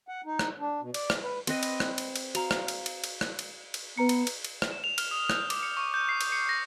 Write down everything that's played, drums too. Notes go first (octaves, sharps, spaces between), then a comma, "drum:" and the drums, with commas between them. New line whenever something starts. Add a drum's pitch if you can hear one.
F#5
D#4
drum: rim click
D4
B2
D5, drum: cymbal
drum: rim click
B4
C4 B4 D#5, drum: cymbal
drum: cymbal
drum: rim click
drum: cymbal
drum: cymbal
F#4 F5 A#5, drum: cymbal
drum: rim click
drum: cymbal
drum: cymbal
drum: cymbal
drum: rim click
drum: cymbal
drum: cymbal
B3 B4 A#5 C#7
drum: cymbal
drum: cymbal
drum: cymbal
drum: rim click
E7
F7
F6, drum: cymbal
D#6
G6, drum: rim click
D6, drum: cymbal
C#7
C#6
G6
C7
drum: cymbal
C#7
A#6